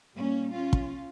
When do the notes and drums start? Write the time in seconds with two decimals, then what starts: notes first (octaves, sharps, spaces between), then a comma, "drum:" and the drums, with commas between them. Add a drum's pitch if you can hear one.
0.15 A#2 G3 A#3 C#4
0.53 C#4 F4
0.73 drum: kick